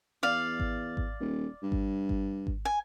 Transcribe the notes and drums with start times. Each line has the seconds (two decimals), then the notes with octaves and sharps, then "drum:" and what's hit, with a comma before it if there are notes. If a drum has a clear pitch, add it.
0.23 E2 D5 F5
0.60 drum: kick G#1
0.97 drum: kick G#1
1.21 D#1
1.63 G2
1.72 drum: kick G#1
2.09 drum: kick G#1
2.47 drum: kick G#1
2.65 G#5